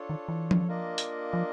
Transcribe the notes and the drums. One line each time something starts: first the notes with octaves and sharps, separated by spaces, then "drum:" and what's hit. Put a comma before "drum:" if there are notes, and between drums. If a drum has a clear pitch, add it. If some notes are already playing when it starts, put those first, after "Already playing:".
Already playing: D4 F4 A4 C#5
D#3
E3
drum: tom F3
A#3 D4 F4 A#4 D#5
drum: hi-hat
F3